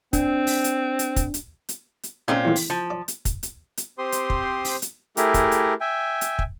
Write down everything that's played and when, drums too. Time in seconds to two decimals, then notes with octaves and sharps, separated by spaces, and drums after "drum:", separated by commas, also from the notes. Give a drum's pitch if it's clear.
0.13 C4 D4, drum: kick, hi-hat
0.47 drum: open hi-hat
0.64 drum: hi-hat
0.99 drum: hi-hat
1.16 drum: kick, hi-hat
1.34 drum: hi-hat
1.69 drum: hi-hat
2.03 drum: hi-hat
2.28 A#2 C4 C#4 D#4 A4
2.45 E2 A2
2.56 drum: open hi-hat
2.70 F3
2.90 D5
3.08 drum: hi-hat
3.25 drum: kick, hi-hat
3.43 drum: hi-hat
3.77 drum: hi-hat
3.98 C4 G4 C5 C6 D#6
4.12 drum: hi-hat
4.30 drum: kick
4.65 drum: open hi-hat
4.82 drum: hi-hat
5.17 A3 E4 G4 G#4 A#4, drum: hi-hat
5.34 drum: kick, hi-hat
5.52 drum: hi-hat
5.81 E5 G5 G#5
6.21 drum: hi-hat
6.39 drum: kick